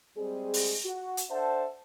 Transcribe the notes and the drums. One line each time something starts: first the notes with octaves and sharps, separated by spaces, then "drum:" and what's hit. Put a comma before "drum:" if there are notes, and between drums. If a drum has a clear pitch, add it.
G3 G#3 C4 G#4
drum: open hi-hat
F#4
drum: hi-hat
D4 A4 C5 E5 F#5 A5